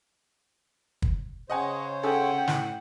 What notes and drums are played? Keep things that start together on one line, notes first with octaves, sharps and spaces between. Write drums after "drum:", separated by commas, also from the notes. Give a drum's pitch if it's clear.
drum: kick
C#3 C5 C#5 D#5 F#5 G#5
C#4 G#4 A4 F#5 G5
A2, drum: snare